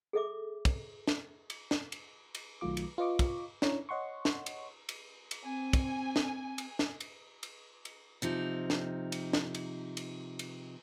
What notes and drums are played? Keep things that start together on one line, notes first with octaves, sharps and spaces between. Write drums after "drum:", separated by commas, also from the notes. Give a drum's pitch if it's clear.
G#4 A4 E5 D6
drum: kick, cymbal
drum: snare
drum: cymbal
drum: snare
drum: cymbal
drum: cymbal
B1 D#3 F#3 A3 F4 D6
drum: cymbal
F4 B4 D#5 C#6 D6
drum: kick, cymbal
C#4 D4 E4 C#5 A#5, drum: snare
C#5 D#5 F#5 C6 C#6
drum: snare
drum: cymbal
drum: cymbal
drum: cymbal
C4 G#5
drum: kick, cymbal
drum: snare
drum: cymbal
drum: snare
drum: cymbal
drum: cymbal
drum: cymbal
C3 F3 D#4
drum: snare
drum: cymbal
drum: snare
drum: cymbal
drum: cymbal
drum: cymbal